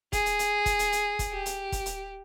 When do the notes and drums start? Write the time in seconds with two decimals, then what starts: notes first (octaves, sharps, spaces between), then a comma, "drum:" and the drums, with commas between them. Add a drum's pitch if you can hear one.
0.13 G#4, drum: kick, hi-hat
0.26 drum: hi-hat
0.39 drum: hi-hat
0.66 drum: kick, hi-hat
0.79 drum: hi-hat
0.92 drum: hi-hat
1.19 drum: kick, hi-hat
1.32 G4
1.46 drum: hi-hat
1.72 drum: kick, hi-hat
1.86 drum: hi-hat